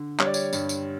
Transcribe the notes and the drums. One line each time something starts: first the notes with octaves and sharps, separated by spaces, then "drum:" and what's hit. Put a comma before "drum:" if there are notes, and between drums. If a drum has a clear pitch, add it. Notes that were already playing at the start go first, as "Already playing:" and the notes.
Already playing: D3
G3 C#5, drum: clap
D5
C#5, drum: tambourine
G2, drum: tambourine
drum: tambourine